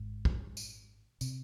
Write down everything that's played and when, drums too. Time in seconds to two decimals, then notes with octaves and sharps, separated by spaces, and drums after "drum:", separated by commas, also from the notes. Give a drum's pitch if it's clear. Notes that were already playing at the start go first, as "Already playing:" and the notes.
Already playing: G#1 G#2
0.25 drum: kick
0.57 drum: tambourine
1.21 C3, drum: tambourine